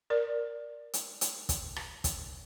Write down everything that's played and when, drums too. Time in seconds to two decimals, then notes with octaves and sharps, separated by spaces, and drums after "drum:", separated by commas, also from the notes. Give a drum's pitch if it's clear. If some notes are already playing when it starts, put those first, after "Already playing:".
0.10 A#4 D5
0.94 drum: hi-hat
1.21 drum: hi-hat
1.49 drum: kick, hi-hat
1.76 drum: rim click
2.04 drum: kick, hi-hat